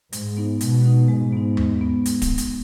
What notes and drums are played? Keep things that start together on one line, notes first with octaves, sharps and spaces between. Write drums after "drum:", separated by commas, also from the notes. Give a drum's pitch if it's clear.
G#2 G#3, drum: hi-hat
B3 D#4
B2 G#3, drum: hi-hat
B3 D#4
G#2 G#3
B3 D#4
G#3, drum: tom D#2
B3
drum: hi-hat
drum: kick D1, hi-hat
drum: hi-hat